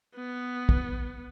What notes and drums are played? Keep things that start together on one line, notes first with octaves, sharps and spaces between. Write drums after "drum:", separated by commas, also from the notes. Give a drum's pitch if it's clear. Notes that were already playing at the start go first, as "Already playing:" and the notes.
B3
drum: kick